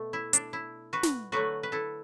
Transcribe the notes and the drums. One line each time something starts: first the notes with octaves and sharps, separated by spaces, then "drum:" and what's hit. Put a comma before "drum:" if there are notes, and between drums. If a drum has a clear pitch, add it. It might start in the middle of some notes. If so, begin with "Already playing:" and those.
Already playing: B2 A3
E4
D4, drum: hi-hat
E4
F#4 B4
drum: snare
D3 F#3 A3 F#4 B4
B4
E4 A4